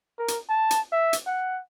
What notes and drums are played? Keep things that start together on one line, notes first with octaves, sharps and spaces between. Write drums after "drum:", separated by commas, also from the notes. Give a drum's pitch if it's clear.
A#4
drum: hi-hat
A5
drum: hi-hat
E5
drum: hi-hat
F#5